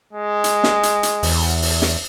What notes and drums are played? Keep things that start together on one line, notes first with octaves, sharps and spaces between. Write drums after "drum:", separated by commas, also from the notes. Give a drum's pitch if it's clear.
G#3
drum: hi-hat
drum: snare
drum: hi-hat
drum: hi-hat
E2, drum: open hi-hat
drum: open hi-hat
drum: snare